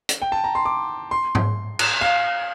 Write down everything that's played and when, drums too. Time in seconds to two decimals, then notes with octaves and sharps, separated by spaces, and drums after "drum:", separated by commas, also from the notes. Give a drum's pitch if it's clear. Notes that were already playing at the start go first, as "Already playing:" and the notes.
0.09 drum: hi-hat
0.22 G5
0.32 A5
0.44 A#5
0.55 C6
0.65 D6
1.11 C6
1.35 drum: tom G#2
1.79 drum: cymbal
2.01 F5